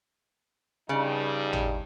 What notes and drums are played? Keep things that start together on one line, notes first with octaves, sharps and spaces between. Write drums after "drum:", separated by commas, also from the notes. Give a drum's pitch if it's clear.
G2 C#3 G3 D#4
drum: tom